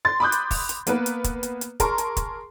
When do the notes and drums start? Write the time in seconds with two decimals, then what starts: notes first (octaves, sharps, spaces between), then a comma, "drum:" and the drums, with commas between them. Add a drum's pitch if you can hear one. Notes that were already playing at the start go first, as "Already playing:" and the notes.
0.05 C6 A6
0.20 B5 C6 D6 D#6 F#6 G6
0.32 drum: hi-hat
0.51 drum: kick, open hi-hat
0.69 drum: hi-hat
0.87 A#3 B3 B4, drum: hi-hat
1.06 drum: hi-hat
1.24 drum: kick, hi-hat
1.43 drum: hi-hat
1.61 drum: hi-hat
1.80 G#4 A#4 A5 C6 C#6, drum: kick, hi-hat
1.98 drum: hi-hat
2.17 drum: kick, hi-hat